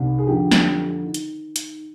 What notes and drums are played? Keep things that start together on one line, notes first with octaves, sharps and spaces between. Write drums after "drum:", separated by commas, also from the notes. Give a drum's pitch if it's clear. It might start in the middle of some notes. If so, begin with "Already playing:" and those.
Already playing: C2 C3 D#3
G#4
F2 D3 F3 G4
drum: snare
D#3
drum: hi-hat
drum: hi-hat